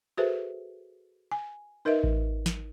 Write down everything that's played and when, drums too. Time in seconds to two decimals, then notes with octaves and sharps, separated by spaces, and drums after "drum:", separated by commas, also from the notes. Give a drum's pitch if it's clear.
0.18 F#4 G#4 A4 B4 C5 E5
1.31 G#5
1.85 D#4 A#4 B4 D#5 E5
2.04 drum: kick A1
2.46 drum: snare